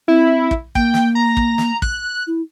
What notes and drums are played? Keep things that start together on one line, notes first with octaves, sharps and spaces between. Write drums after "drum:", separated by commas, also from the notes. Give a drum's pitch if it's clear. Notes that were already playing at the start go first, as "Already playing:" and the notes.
C4 E4
drum: kick
A#3 G5, drum: kick
drum: snare
A#5
drum: kick
drum: snare
F#6, drum: kick
E4